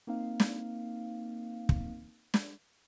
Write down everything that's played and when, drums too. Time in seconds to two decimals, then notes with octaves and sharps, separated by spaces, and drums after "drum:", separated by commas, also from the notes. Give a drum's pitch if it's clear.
0.07 A#3 C4 D#4 F5
0.40 drum: snare
1.69 drum: kick
2.34 drum: snare